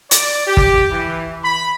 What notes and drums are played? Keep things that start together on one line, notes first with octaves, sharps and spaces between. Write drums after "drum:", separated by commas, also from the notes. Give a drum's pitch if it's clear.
D5, drum: hi-hat
G4
drum: kick
E3
B5